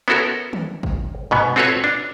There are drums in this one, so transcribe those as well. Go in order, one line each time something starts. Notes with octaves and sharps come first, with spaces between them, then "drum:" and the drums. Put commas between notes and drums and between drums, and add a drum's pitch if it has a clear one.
B3 C#4 E4 F#4 A4 A#4
drum: tom D#3
drum: kick
G#2 B2 B3
C4 F4 F#4 A4 B4 C#5
D4